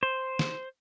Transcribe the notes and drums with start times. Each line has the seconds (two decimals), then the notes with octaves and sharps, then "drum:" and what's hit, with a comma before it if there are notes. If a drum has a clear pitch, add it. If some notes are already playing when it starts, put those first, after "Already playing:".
0.03 C5
0.39 drum: snare